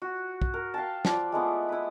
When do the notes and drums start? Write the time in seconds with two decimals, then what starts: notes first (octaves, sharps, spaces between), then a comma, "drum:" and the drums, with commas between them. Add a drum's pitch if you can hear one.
0.02 F#4
0.42 drum: kick
0.54 A#4
0.74 F5 G5 A5
1.05 F3 D5, drum: snare
1.32 G#3 A3 B3 E4
1.69 E4 B4